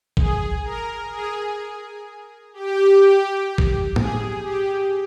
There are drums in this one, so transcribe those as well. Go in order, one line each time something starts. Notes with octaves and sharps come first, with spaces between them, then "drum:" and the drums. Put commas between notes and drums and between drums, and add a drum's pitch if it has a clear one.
G#4, drum: kick
A#4
G#4
G4
drum: kick
G#4, drum: tom A2
G4